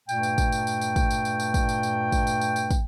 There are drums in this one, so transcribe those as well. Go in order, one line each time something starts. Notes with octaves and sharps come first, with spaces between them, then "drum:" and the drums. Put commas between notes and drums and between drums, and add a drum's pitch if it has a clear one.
G2 A#2 A3 G5, drum: tambourine
drum: tambourine
drum: kick, tambourine
drum: tambourine
drum: tambourine
drum: tambourine
drum: kick, tambourine
drum: tambourine
drum: tambourine
drum: tambourine
drum: kick, tambourine
drum: tambourine
drum: tambourine
drum: kick, tambourine
drum: tambourine
drum: tambourine
drum: tambourine
drum: kick, tambourine